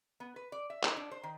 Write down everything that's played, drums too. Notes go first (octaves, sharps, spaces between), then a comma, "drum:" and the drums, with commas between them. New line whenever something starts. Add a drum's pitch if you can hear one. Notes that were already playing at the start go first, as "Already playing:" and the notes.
B3
B4
D5
E5
D#4, drum: clap
D4
C5
D#3